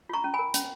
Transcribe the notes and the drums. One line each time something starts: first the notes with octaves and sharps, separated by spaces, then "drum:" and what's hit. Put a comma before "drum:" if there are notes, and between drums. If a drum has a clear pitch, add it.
F4 A#5 C#6
C#4
G#5 B5
A#4
C#4, drum: hi-hat